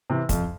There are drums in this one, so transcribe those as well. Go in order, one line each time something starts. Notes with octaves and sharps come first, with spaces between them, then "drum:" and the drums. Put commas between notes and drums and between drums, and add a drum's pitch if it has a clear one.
C3 E3
F2, drum: kick, hi-hat